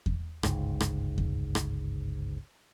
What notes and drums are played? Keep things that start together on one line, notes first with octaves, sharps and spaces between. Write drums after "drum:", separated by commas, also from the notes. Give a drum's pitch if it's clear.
drum: kick E2
G1 C#2 G#2, drum: rim click
drum: rim click
drum: kick E2
drum: rim click